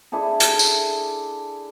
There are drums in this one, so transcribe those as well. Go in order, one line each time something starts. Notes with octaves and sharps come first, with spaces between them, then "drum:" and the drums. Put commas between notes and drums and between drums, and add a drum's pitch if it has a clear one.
D4 E4 G#4 A4
drum: hi-hat
drum: tambourine